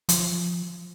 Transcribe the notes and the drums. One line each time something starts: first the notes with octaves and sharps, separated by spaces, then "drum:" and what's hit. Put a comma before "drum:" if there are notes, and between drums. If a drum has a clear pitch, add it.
F3, drum: hi-hat